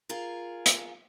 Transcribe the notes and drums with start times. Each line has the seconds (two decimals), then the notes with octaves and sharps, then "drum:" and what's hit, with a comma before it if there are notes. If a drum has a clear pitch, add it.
0.09 F4 G#4 A#4
0.66 drum: hi-hat